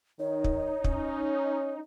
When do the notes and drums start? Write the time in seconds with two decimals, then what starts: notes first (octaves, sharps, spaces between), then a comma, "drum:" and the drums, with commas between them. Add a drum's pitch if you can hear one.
0.19 D#3 D#4 C#5
0.44 drum: kick
0.84 C#4, drum: kick